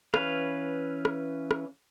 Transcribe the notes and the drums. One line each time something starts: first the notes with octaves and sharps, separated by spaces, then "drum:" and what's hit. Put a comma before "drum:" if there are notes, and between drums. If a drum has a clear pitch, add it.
E3 C#4 B4 F5, drum: rim click
drum: rim click
drum: rim click